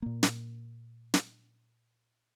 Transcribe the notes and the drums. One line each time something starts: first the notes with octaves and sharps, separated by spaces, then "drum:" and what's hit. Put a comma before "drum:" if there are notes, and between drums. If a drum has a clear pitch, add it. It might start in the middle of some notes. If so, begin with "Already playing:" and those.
A#2 A#3
drum: snare
drum: snare